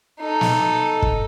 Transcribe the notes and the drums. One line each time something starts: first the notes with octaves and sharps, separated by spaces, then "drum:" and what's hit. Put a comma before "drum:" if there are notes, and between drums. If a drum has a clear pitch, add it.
D#4 A4
drum: snare
drum: kick